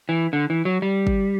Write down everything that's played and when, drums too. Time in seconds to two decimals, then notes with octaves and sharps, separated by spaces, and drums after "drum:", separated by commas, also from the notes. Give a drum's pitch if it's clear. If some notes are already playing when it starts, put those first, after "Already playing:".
0.09 E3
0.33 D3
0.50 E3
0.65 F#3
0.82 G3
1.07 drum: kick